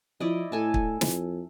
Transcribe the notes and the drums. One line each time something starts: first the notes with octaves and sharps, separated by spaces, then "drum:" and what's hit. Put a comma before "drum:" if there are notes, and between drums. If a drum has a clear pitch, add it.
F3 E4 D5 D#5
A2 A4 G#5 A5
drum: kick
F2, drum: snare